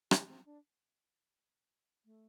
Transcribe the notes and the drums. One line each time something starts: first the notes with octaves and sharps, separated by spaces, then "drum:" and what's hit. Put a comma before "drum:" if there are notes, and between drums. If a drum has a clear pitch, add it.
G4, drum: rim click
C4
D4
A3